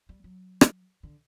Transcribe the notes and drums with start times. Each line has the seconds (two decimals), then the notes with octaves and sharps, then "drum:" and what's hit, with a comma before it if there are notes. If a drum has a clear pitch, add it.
0.09 G3
0.24 F#3
0.61 drum: rim click
1.03 D3